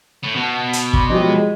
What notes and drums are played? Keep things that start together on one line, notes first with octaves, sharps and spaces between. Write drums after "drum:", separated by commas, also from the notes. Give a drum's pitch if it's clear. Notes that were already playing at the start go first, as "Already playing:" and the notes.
A2
B2 F#5 A5
drum: hi-hat
D5 B5 C6 D6, drum: kick
F3 F#3 G4 D#5
G#3 G#4 D#5